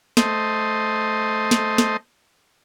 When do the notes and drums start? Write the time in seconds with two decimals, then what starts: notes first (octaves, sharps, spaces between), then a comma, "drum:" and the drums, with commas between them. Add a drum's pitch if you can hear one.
0.17 A3 C5 D#5, drum: snare
1.51 drum: snare
1.78 drum: snare